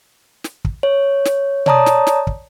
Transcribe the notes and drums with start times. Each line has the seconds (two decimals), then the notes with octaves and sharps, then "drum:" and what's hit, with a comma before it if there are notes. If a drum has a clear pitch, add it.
0.44 drum: snare
0.65 drum: kick
0.83 C#5
1.25 drum: snare
1.66 C#5 D5 A5 A#5 D#6, drum: tom B2
1.86 drum: snare
2.07 drum: snare
2.27 drum: kick